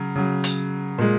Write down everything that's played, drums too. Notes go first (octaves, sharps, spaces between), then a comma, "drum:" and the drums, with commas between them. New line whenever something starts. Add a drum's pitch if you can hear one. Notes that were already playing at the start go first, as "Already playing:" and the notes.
Already playing: C#3 F#3
C#3 F#3
drum: hi-hat
A#2 G#3